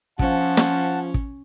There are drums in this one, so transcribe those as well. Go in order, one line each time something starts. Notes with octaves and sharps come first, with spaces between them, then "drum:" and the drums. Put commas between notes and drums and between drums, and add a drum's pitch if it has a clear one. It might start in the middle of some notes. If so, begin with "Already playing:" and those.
F3 C#4 F#5 A5, drum: kick
drum: snare
drum: kick